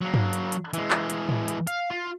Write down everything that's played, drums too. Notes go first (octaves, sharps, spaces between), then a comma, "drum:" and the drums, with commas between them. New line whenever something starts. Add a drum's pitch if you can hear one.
F#3 A#3
drum: tom G2
drum: hi-hat
drum: hi-hat
E3 G#3, drum: hi-hat
drum: clap
drum: hi-hat
drum: tom A2
drum: hi-hat
F5, drum: hi-hat
F4